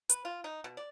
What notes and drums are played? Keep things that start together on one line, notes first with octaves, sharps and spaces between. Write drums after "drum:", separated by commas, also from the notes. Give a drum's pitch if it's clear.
B4, drum: hi-hat
F4
D#4
B2
D5